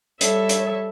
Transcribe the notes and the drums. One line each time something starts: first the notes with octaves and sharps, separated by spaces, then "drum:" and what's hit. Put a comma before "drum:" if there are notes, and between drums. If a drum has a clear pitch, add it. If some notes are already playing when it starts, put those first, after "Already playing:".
G3 A4 C#5 E5, drum: hi-hat
drum: hi-hat